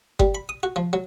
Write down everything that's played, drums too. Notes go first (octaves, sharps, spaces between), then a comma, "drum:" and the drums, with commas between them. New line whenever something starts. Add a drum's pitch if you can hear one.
G3, drum: kick G1
B5
D#6
F#4
F3
F#3